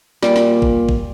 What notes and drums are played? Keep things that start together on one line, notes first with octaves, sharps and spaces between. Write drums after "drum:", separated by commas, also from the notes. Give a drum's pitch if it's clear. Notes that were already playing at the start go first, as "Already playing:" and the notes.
A#2 G3, drum: snare
drum: snare
drum: kick G#1
drum: kick G#1